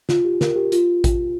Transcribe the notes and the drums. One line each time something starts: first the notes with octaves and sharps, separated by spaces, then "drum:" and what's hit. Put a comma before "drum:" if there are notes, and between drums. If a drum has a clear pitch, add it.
F4, drum: snare
G4
A#4, drum: snare
G4
F4, drum: hi-hat
drum: kick A1, hi-hat